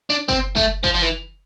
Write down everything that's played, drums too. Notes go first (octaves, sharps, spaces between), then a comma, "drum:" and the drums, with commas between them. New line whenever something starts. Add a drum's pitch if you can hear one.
D4
C4, drum: kick F#1
A3, drum: kick F#1
F3, drum: kick F#1
F3
E3